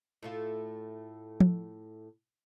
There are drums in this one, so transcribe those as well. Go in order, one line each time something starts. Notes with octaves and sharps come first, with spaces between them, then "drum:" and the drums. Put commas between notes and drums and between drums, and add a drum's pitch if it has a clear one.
A2 A3 F4
drum: tom F3